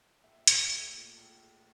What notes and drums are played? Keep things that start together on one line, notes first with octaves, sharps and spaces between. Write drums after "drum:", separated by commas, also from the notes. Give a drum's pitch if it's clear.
A#1 E5
A#1, drum: hi-hat
E5
A3
A#2
A#1
A3